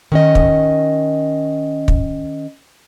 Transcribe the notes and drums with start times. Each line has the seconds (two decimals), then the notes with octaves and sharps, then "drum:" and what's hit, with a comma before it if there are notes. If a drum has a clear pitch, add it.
0.12 D#3 C#4 D#5
0.35 drum: kick
1.88 drum: kick